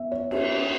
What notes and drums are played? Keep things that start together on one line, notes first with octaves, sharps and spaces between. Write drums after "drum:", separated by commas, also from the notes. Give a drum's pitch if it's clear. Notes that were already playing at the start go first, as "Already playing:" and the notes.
Already playing: B3 E5
C#5
E5, drum: cymbal